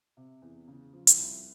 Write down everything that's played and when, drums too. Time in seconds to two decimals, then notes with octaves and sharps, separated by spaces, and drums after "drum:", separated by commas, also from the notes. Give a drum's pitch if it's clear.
0.17 C3
0.42 E2
0.68 C#3
0.93 F3
1.07 drum: hi-hat
1.17 C2